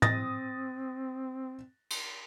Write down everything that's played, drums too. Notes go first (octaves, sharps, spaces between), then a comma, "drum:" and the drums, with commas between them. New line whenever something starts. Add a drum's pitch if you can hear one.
C4 D#6 A6 A#6, drum: tom
drum: cymbal